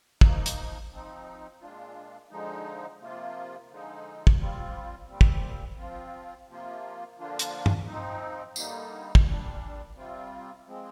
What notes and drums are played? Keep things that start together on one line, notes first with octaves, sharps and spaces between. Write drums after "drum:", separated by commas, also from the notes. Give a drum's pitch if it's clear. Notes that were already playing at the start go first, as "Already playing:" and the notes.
F3 A#3 D#4, drum: kick
drum: hi-hat
F3 C4 D#4
A#2 G#3 D4 F4
D3 F3 G#3 D#4
C3 F3 A#3 F4
D3 F3 G#3 D#4
drum: kick
G3 C4 F4
A#2 G3 C4
drum: kick
F3 C4 F4
C3 F3 A#3 F4
D3 F3 A#3 D4 F4
drum: hi-hat
drum: tom G2
F3 C4 D#4
D3 G3 A#3 D#4, drum: tambourine
drum: kick
A#2 G3 D4
C3 G3 C4 F4
F3 G#3 C4